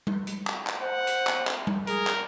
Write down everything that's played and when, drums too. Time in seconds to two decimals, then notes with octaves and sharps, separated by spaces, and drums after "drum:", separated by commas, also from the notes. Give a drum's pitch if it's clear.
0.07 drum: tom G3
0.27 drum: hi-hat
0.47 drum: clap
0.67 drum: clap
0.81 C5 F#5
1.07 drum: hi-hat
1.27 drum: clap
1.47 drum: clap
1.67 drum: tom G3
1.87 G#4 A#4, drum: hi-hat
2.07 drum: clap